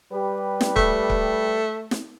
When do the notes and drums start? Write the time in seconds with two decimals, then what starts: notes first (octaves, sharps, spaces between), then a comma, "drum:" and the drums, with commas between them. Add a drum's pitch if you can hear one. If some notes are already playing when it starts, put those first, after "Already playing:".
0.12 G3 G4 B4
0.61 drum: snare
0.76 A3, drum: kick C#1
1.10 drum: kick C#1
1.91 drum: snare